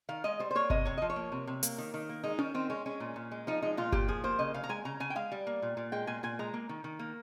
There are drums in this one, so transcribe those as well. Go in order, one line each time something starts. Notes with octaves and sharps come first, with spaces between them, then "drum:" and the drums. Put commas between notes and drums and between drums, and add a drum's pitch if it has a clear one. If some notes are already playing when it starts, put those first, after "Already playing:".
D#3 F5
G#3 D#5
G3 C5
C5
A#3 C#5
C3 D#5, drum: kick G1
C3 C#5
F3 D#5
C#5
A#3
C3
C3
A#3, drum: hi-hat
D#3
D#3
A#3
G#3 D#4
D#3 C#4, drum: tom C#4
D#3 C4
G#3 C#4
G#3 C#4
A#2
A#2
G#3
F3 D#4
G#3 D#4
A#2 F4
A#2 G4, drum: kick G1
F3 G#4
A#3 C5
C#3 D#5
C#3 F5
A#5
G#3 G#5
C#3 A#5
C#3 G#5
G5
G#3 F5
G3
A#3
A#2
A#2
G#3 G5
A#2 G#5
A#2 G#5
G#3 A#5
A#3
D#3
D#3
A#3